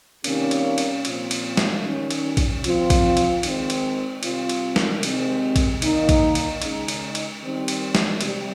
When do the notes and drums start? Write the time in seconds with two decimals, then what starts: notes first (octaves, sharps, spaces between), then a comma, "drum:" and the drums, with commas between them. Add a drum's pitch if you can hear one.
0.24 C3 D#3 G3 A#3 C#4, drum: cymbal
0.51 drum: cymbal
0.78 drum: cymbal
1.05 A#2 F3 C4 F4, drum: cymbal
1.31 drum: cymbal
1.57 drum: snare
1.84 D#3 G3 C#4
2.11 drum: cymbal
2.37 drum: kick A#1, cymbal
2.64 F3 C4 F4, drum: cymbal
2.90 drum: kick A#1, cymbal
3.17 drum: cymbal
3.43 D#3 G#3 C4, drum: cymbal
3.70 drum: cymbal
4.23 C3 G3 C4 F4, drum: cymbal
4.49 drum: cymbal
4.76 drum: snare
5.03 C3 D#3 G#3 C4, drum: cymbal
5.56 drum: kick A#1, cymbal
5.82 D#3 A#3 D#4, drum: cymbal
6.09 drum: kick A#1, cymbal
6.35 drum: cymbal
6.62 C#3 G#3 D#4, drum: cymbal
6.88 drum: cymbal
7.15 drum: cymbal
7.41 D#3 G3 C4
7.68 drum: cymbal
7.95 drum: snare
8.21 C3 G3, drum: cymbal